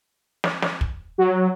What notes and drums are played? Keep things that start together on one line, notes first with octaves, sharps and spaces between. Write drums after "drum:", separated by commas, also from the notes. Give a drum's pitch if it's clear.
drum: snare
drum: snare
drum: kick
F#3